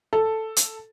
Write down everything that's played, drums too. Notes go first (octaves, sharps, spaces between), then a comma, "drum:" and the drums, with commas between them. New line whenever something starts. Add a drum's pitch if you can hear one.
A4
drum: hi-hat